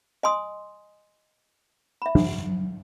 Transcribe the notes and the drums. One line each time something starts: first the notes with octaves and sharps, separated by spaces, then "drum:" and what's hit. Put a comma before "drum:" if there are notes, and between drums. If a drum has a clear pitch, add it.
D#5 G#5 C6 D#6
E5 B5
drum: tom